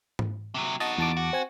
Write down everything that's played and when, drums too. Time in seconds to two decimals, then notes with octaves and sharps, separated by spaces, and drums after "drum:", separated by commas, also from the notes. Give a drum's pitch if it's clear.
0.19 drum: tom G#2
0.55 C3 F#3
0.80 D#4 F#4 D#5 A5
0.98 E2 A5 D6
1.17 F#4
1.33 C4 G#5